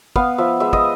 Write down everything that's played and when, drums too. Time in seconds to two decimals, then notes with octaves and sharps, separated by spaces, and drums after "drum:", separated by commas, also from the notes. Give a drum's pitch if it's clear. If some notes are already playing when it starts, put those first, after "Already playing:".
0.16 B3 F5, drum: kick
0.38 F3 E5
0.60 G#3 E5
0.73 D#5, drum: kick